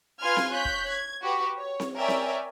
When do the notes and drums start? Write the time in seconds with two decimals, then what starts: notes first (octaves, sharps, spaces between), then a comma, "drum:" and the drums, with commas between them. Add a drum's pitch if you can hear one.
0.21 F4 B4 G#5 C6 F6 G#6
0.37 drum: snare C4
0.51 C#5 F#6 G6 B6
0.65 drum: kick
0.89 G#6
1.22 F#4 G4 B4
1.56 C#5
1.80 drum: snare C4
1.97 A#4 C#5 D5 E5 G5 G#5
2.08 drum: snare C4